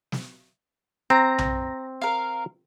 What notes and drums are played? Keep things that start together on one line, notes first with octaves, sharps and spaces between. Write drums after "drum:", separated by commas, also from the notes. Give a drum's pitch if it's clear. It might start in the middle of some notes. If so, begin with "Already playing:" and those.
drum: snare
C4 A#5
drum: tom B1
A#4 F5